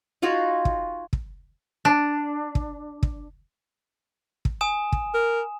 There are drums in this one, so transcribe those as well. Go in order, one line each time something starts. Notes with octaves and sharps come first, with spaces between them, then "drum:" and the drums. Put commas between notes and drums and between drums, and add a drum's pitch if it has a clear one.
D#4 F4 F#4 G#4
drum: kick
drum: kick
D4
drum: kick
drum: kick
drum: kick
G#5 D#6 E7
drum: kick
A#4